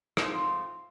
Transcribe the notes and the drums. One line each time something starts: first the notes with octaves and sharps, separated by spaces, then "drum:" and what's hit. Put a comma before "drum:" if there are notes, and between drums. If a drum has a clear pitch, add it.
G#2 F3 A3 C4 F4, drum: rim click